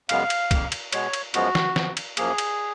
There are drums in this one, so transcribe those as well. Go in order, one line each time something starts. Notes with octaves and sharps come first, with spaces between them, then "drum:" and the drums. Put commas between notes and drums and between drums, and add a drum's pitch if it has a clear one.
F#2 C#3 G#3 B3 F5, drum: cymbal
drum: cymbal
F2 D#3 A#3, drum: kick, cymbal
drum: cymbal
B2 G#3 B3 C#5, drum: cymbal
drum: cymbal
F#2 F3 G#3 B3 F#4, drum: cymbal
drum: snare
F#2 F3 B3, drum: snare
drum: cymbal
F#2 F3 A#3 G#4, drum: cymbal
drum: cymbal